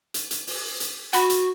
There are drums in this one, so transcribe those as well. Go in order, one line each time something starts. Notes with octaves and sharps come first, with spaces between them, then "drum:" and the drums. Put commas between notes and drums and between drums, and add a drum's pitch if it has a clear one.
drum: hi-hat
drum: hi-hat
drum: open hi-hat
drum: hi-hat
F#4 F#5 B5, drum: hi-hat
drum: hi-hat